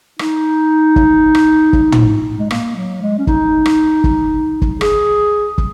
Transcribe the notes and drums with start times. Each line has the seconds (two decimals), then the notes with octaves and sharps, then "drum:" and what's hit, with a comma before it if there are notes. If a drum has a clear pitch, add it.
0.19 D#4, drum: rim click
0.96 drum: kick
1.35 drum: rim click
1.73 drum: kick
1.92 drum: tom
2.39 G#3
2.51 A#3, drum: rim click
2.76 F#3
3.02 G#3
3.18 C#4
3.27 D#4, drum: kick
3.66 drum: rim click
4.04 drum: kick
4.62 drum: kick
4.81 G#4, drum: rim click
5.58 drum: kick